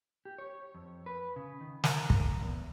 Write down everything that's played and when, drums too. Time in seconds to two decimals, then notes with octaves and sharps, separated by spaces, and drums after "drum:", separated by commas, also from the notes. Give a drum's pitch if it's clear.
0.25 G4
0.38 C#5
0.75 F2
1.06 B4
1.36 C#3
1.61 D#3
1.84 A#4, drum: snare
2.10 drum: kick
2.41 E2